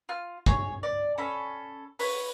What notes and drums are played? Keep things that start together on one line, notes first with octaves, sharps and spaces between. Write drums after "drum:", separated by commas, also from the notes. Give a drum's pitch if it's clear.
F4 F6
G#4 C#5, drum: kick
D5
C#4 A4 B5
B4 C#5, drum: open hi-hat